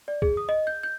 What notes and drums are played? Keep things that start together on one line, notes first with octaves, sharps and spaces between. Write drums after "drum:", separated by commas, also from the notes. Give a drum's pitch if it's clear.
D5
G#4, drum: kick
D#6
D#5
G6
G6